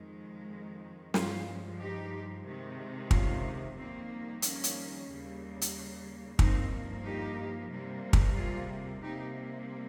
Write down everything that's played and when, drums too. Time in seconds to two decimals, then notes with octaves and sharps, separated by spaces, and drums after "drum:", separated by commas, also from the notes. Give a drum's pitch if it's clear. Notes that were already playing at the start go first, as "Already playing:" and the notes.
Already playing: F2 D#3 G#3
1.14 G2 F3 G#3 C#4 F4, drum: snare
1.80 D#4 G4
2.45 C3 D#3 G#3
3.11 C#4 F4, drum: kick
3.77 F2 D#3 G3 A#3 C4
4.42 A#3 C#4, drum: hi-hat
4.64 drum: hi-hat
5.08 D#2 C#3 G3 A#3
5.61 drum: hi-hat
6.39 G2 F3 A#3 C4 D#4, drum: kick
7.05 D#4 G4
7.71 C3 G3 A#3
8.13 drum: kick
8.36 F4 G#4
9.01 C3 G3 A#3 D#4 G4